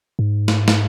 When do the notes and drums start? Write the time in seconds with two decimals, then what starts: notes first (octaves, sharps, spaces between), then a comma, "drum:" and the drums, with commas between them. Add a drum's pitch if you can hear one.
0.19 G#2
0.48 drum: snare
0.68 drum: snare